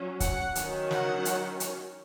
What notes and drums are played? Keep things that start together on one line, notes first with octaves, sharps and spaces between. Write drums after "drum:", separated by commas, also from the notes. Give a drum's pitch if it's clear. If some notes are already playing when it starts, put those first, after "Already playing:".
Already playing: F#3 C#4
F#5, drum: kick, hi-hat
D#3 F#3 C#4, drum: hi-hat
F#5, drum: snare
drum: hi-hat
drum: hi-hat